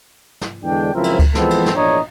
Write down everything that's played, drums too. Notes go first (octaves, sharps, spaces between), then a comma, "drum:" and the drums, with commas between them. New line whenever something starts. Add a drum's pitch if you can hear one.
drum: snare
E2 D3 G#3 D4 G5
C#2 F#2 F3 C4 E4 A#4
drum: cymbal
drum: kick C#2, cymbal
E3 F3 G#3 B3 C4 A4, drum: snare
drum: cymbal
drum: snare
A#1 E2 D4 C#5 D#5 A#5